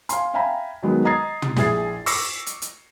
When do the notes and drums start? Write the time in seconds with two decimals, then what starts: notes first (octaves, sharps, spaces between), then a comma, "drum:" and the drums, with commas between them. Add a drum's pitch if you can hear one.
0.09 F5 G#5 C6, drum: hi-hat
0.34 E5 F5 G5 G#5 A#5 B5
0.83 D#3 F#3 G#3 B3
1.05 D#5 A#5 D#6 G#6 A6 C7
1.42 drum: tom
1.56 A#1 E4 G#4 G#6 A6 C7, drum: snare
2.06 C#6 D6 E6 A#6 C7 C#7, drum: open hi-hat
2.46 drum: hi-hat
2.62 drum: hi-hat